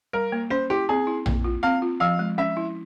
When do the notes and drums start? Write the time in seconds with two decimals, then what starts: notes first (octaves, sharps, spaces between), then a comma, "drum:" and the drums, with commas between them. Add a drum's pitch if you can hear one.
0.13 G3 A#4
0.32 A#3
0.50 C#4 C5
0.70 E4 G4
0.89 C4 G#4
1.07 E4
1.26 A#3, drum: tom A#1
1.44 F4
1.63 C4 F5
1.82 F4
2.00 F3 F5
2.19 G#3
2.38 C#4 E5
2.57 E4